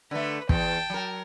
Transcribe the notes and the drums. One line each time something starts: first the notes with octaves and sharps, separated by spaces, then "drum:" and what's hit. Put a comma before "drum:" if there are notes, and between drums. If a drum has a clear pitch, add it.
D3 A3 B4
E2 G5 A5, drum: kick
F#3 A#4